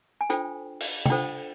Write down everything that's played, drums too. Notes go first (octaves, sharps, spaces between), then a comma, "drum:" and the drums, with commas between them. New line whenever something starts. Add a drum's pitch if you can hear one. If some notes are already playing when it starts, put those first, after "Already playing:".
G#5
D4 F4 A4 C5 G5, drum: hi-hat
drum: cymbal
G5, drum: tom
D4 F4 A4 C5 F#5